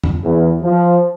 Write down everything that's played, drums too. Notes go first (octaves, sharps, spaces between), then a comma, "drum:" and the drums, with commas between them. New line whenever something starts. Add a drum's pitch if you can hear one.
drum: tom F2
E2
F3